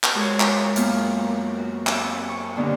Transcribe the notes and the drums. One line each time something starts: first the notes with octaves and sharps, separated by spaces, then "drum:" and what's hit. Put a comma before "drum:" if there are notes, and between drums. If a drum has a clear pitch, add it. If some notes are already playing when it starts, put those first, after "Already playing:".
drum: clap
G#3 F#4 G#4 A#4 C5 C#5
drum: clap
F#2 A#3 B3 F4, drum: hi-hat
F#4
C4 E5, drum: clap
C#6
B2 D3 D#3 G3 A#3 C#4